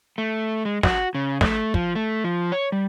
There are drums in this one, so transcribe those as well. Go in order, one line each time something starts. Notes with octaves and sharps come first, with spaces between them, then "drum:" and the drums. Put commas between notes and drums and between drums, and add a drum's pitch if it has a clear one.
A3
G#3
F#4, drum: snare
C#3
A3, drum: snare
F3, drum: kick
A3
F3
C#5
G3